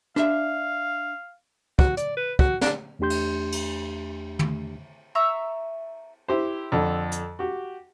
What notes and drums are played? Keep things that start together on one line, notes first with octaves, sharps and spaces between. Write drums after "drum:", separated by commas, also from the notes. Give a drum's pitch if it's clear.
D4 E5 F5, drum: rim click
F#4, drum: kick
D5, drum: hi-hat
B4
F#4, drum: kick
D4, drum: snare
E2 A3 D4 G4 C6 G6
drum: cymbal
drum: cymbal
drum: tom
E5 A#5 C#6 E6
E4 G4 C5
F2 D3 A4
drum: hi-hat
F#4 G4